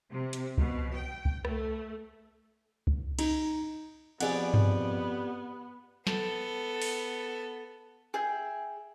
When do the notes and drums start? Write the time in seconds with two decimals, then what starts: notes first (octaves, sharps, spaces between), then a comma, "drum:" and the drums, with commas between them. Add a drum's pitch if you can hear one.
0.12 C3
0.33 drum: hi-hat
0.58 B2, drum: kick C2
0.93 G5
1.25 drum: kick C2
1.45 A3, drum: rim click
2.87 drum: kick C2
3.19 D#4, drum: cymbal
4.20 F2 B3 G4 G#4 D5 F#5, drum: cymbal
4.54 drum: tom G2
6.07 B3 A4, drum: snare
6.82 drum: open hi-hat
8.14 G#4 E5 G5